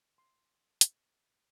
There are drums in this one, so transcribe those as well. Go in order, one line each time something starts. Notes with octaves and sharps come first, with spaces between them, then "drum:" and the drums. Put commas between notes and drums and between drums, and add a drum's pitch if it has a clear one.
C6
drum: hi-hat